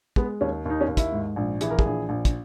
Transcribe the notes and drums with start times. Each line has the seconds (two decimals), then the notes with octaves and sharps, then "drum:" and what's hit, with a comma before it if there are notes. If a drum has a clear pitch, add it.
0.16 G#3 B3, drum: kick
0.41 D#2 C#4
0.65 D#2 D#4
0.81 C#4
0.88 D#2
0.97 E4, drum: kick, hi-hat
1.12 G#2
1.36 A#1
1.61 E3 G#4, drum: hi-hat
1.70 A#4
1.79 G#4, drum: kick
1.86 A#1
2.09 A#1
2.25 drum: kick, hi-hat